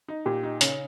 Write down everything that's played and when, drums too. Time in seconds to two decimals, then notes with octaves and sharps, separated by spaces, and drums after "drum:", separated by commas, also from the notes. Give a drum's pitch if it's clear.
0.08 D#4
0.26 A#2 G4
0.43 D#4
0.61 C#3 C#4, drum: hi-hat